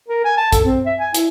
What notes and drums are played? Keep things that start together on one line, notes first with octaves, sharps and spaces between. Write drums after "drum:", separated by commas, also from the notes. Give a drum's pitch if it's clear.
A#4
G#5
A5
A4, drum: kick A#1, hi-hat
C4
E5
G#5
E4, drum: hi-hat